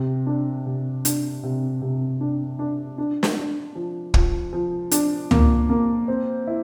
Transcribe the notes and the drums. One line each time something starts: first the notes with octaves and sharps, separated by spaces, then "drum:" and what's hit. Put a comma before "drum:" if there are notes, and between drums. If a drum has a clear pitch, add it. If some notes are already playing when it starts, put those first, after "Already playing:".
Already playing: C3
D4
C3
D4, drum: hi-hat
C3
C3
D4
D4
D4
drum: snare
D4
F3
F3, drum: kick
F3
D4, drum: hi-hat
A#3, drum: tom C#2
A#3
C4
E4